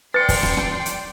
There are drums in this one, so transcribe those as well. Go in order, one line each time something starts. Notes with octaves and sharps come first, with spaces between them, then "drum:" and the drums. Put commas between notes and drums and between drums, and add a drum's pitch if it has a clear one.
B4 D5 G5 C6 A6 C#7
drum: kick, open hi-hat
drum: rim click
drum: rim click
drum: hi-hat